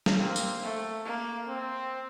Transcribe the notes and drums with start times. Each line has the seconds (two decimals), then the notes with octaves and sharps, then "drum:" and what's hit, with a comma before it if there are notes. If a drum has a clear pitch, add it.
0.06 drum: snare
0.20 A#3 C4
0.36 drum: tambourine
0.63 A3
1.05 A#3
1.49 C4